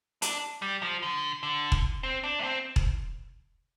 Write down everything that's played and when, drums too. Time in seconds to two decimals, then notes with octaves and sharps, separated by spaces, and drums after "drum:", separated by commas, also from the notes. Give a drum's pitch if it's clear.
0.22 D4, drum: hi-hat
0.62 G3
0.82 F3
1.03 D3
1.43 D3
1.72 drum: kick E1
2.03 C4
2.24 D4
2.39 A3
2.43 C4
2.76 drum: kick E1